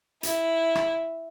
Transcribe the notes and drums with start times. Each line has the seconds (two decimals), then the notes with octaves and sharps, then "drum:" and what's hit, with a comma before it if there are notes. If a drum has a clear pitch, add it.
0.23 E4, drum: hi-hat
0.75 drum: rim click